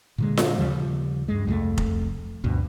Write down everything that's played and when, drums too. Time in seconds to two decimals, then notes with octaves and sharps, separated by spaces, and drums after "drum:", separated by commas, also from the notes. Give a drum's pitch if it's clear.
0.18 A#2 D3 G#3
0.37 drum: snare F4
0.58 D#2 C#3 F3 G3
1.28 G2 G#3
1.47 C2 F2 F3 A3
1.78 drum: kick F1
2.44 D2 G2 B2